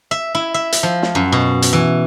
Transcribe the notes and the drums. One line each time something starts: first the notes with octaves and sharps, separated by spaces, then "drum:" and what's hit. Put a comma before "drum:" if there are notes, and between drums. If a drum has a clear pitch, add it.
E5
E4
E5
drum: hi-hat
F3
drum: snare
F#2
B2
drum: hi-hat
E3